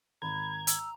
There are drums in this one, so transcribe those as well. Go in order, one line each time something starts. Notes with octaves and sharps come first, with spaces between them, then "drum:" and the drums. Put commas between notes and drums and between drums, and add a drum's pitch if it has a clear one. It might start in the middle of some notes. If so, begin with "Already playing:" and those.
G#1 A#5 B5 G#6
E6, drum: hi-hat